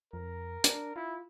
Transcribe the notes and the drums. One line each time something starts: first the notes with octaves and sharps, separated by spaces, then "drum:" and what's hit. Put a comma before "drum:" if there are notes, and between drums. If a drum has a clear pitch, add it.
F2 A#4
D4, drum: hi-hat
E4 F4